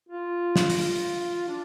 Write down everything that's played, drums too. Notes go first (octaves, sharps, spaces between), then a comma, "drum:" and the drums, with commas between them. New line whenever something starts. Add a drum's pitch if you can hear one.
F4
drum: snare
drum: open hi-hat
F4
D4